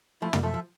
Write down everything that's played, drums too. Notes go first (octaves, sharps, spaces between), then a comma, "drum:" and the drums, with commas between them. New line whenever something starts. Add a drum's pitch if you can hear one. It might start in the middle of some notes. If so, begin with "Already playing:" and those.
F3 A3 E4
G3 A#3, drum: tom
F3 A3 A4 E5
F3